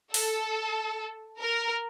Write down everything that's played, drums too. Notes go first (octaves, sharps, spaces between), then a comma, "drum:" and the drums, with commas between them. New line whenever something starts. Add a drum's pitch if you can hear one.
A4, drum: open hi-hat
A#4